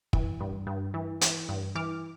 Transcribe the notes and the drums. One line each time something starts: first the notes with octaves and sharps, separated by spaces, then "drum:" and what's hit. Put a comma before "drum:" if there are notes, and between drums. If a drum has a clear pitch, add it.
E3, drum: kick
G2
G2
E3
E3, drum: hi-hat
G2
E3 D6 F6